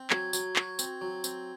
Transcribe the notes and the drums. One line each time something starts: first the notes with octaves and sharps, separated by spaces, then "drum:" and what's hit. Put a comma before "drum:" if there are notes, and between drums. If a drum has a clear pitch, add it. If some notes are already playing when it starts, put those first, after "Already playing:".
Already playing: C4
F#3 G#6, drum: clap
F#3, drum: tambourine
F#4, drum: clap
C4, drum: tambourine
F#3
C4, drum: tambourine